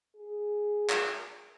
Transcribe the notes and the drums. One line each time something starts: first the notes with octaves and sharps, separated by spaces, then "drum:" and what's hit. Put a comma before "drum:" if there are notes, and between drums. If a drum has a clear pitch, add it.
G#4
drum: clap